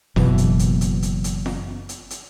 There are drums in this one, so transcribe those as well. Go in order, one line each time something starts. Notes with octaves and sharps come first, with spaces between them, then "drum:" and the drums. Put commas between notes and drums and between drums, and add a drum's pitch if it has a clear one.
F#1 B2 E3, drum: snare F4
drum: hi-hat
drum: hi-hat
drum: hi-hat
drum: hi-hat
drum: hi-hat
drum: snare F4
drum: hi-hat
drum: hi-hat